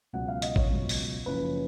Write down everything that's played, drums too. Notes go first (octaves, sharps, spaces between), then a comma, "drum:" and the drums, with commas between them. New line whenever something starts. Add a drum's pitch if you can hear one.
C#2 B2 F#3 F#5
F5
D#5, drum: hi-hat
C#5, drum: kick A1
C#2 B2 F#3
drum: open hi-hat
F#1 F#2 C#3 F3 B4